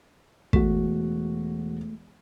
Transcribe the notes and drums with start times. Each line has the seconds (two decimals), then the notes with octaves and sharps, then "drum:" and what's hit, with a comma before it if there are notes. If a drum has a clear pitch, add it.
0.53 E1 A3 F#4, drum: kick